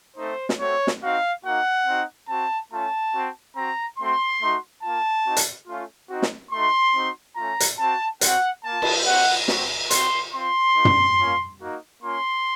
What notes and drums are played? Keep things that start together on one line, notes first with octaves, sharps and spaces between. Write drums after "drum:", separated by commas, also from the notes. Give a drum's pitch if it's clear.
A3 C4 D#4 C5
drum: snare
A3 C4 F#4 C#5
drum: snare
C4 D#4 F#4 F5
A#3 D#4 F#4 F#5
C4 D#4 F#4
C4 F#4 A5
A3 C#4 F4 A5
C4 F#4
C4 F#4 A#5
A3 C4 F#4 C6
A3 D#4 F#4
A#3 F4 A5
C4 D#4 F#4
drum: hi-hat
A3 C#4 F4
C4 D#4 F#4
drum: snare
A3 D#4 F#4 C6
C4 D#4 F#4
A3 C#4 F4 A#5
drum: hi-hat
C4 F#4 A5
C4 F#4 F#5, drum: hi-hat
A#3 F4 A5
drum: cymbal
C4 F#4 F#5
C4 F#4, drum: snare
C4 F#4 C6, drum: hi-hat
C4 F4 C6
A#3 D#4 F#4
drum: tom
A#3 C#4 F4
A#3 D#4 F#4
A#3 C#4 F4 C6